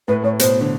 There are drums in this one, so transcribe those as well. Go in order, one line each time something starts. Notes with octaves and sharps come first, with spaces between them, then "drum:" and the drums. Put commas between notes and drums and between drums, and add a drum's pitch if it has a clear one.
A2 B4
A2 C#5
B2 C5, drum: hi-hat
D3